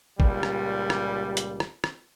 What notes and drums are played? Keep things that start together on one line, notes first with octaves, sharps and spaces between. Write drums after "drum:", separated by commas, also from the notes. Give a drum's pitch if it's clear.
C#2 A#2 G3, drum: kick
drum: rim click
drum: rim click
drum: hi-hat
drum: rim click
drum: rim click